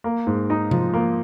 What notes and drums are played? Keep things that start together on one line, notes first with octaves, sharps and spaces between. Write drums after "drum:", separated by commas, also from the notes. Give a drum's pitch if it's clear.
A#3
G#2
D#4
F3, drum: tom C3
A#3